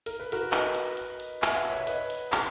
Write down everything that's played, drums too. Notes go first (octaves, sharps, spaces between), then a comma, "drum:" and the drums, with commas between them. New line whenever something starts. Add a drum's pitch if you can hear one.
A#4, drum: hi-hat
B4
F#4 A#4, drum: hi-hat
B4 D#5, drum: clap
drum: hi-hat
drum: hi-hat
drum: hi-hat
E5, drum: clap
F#5
C#5 E5
B4 D#5, drum: hi-hat
drum: hi-hat
G#4 B4, drum: clap